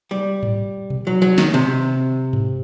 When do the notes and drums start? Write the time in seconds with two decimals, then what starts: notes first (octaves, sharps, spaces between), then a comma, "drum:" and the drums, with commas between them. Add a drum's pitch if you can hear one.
0.11 G3
0.43 drum: tom G#2
0.90 drum: tom B2
1.07 F#3
1.22 F#3
1.38 D#3, drum: snare
1.54 C3
2.33 drum: tom G2